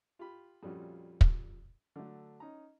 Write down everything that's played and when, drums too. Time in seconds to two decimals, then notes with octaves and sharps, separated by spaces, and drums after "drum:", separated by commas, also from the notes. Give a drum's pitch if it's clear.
0.19 F4 G4 B5
0.63 F2 A#2 G3 C#4 F4 F#4
1.21 drum: kick
1.96 D3 F#3 A3
2.40 C#4 D#4 A#5